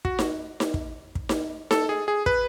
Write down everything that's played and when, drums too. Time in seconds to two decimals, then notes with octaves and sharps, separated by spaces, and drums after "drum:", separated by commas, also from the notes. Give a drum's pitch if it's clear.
0.05 F#4, drum: kick
0.19 drum: snare D#4
0.60 drum: snare D#4
0.74 drum: kick
1.15 drum: kick
1.29 drum: snare D#4
1.71 A4, drum: snare D#4
1.89 G#4
2.08 G#4
2.26 B4, drum: kick